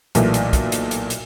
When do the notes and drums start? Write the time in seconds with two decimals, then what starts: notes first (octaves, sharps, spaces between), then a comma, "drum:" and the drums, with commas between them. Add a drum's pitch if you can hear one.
0.15 B1 A#2 E3 A3 A#3, drum: hi-hat
0.34 drum: hi-hat
0.53 drum: kick, hi-hat
0.72 drum: hi-hat
0.91 drum: hi-hat
1.10 drum: hi-hat